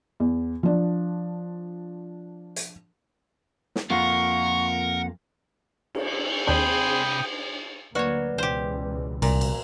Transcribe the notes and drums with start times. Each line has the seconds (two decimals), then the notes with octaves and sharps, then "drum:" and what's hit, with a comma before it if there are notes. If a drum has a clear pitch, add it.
0.20 E2
0.63 F3 D4
2.56 drum: hi-hat
3.76 drum: snare
3.90 F2 A#3 F4 A#4 F#5 C#6
5.95 drum: cymbal
6.47 D#2 C3 C4 D4 G#4 G5 B5 D#6
7.95 D2 F#3 A#3 F#4 B4 C#5 D5
8.38 C#2 B2 E3 G4 C5
9.22 C2 A#2 A#5, drum: cymbal
9.41 drum: cymbal